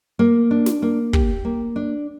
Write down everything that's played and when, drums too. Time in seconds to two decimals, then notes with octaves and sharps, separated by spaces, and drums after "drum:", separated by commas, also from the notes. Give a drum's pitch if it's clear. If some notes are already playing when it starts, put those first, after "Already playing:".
0.19 A#3
0.51 D4
0.66 drum: snare
0.82 A#3
1.13 G4, drum: kick
1.45 A#3
1.76 D4